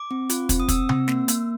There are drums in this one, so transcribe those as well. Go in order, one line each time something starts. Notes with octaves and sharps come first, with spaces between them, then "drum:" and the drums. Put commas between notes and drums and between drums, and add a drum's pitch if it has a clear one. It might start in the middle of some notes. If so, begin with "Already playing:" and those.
Already playing: D6
C4
F4, drum: hi-hat
C4, drum: kick, hi-hat
D#6
C4 E6, drum: kick, hi-hat
C4, drum: tom C3
A#3, drum: snare
A#3, drum: hi-hat